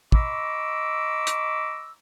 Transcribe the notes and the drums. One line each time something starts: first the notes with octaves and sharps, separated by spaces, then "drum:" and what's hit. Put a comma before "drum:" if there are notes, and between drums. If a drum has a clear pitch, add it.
D#5 A#5 B5 C#6 D6 E6, drum: kick
drum: hi-hat